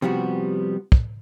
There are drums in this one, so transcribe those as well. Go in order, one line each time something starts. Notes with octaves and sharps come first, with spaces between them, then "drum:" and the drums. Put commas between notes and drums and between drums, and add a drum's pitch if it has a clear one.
C3 F3 G3 B3 F#4
drum: kick